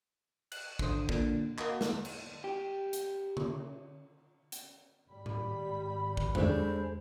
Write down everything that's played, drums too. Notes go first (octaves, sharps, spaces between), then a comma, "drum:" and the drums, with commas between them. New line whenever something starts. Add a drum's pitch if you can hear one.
F#6, drum: cymbal
G#1 D3 C5 D#6, drum: kick
A#2 D3, drum: kick
A#3 F#4 D#5, drum: clap
drum: snare
drum: cymbal
G4
drum: hi-hat
drum: tom C#3
drum: hi-hat
G#1 G3 B5
drum: tom A2
drum: kick
G#3 A3 D4 C5, drum: tom E2